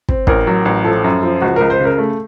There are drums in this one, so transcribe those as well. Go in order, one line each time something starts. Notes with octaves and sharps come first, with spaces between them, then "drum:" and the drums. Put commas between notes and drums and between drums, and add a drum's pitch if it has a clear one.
C4, drum: kick
A1 A#4, drum: kick
F#3
A1
F3 A4
F#2
F3
C#2 F#4
C#2 A#4
C5
C#3 A#4
A3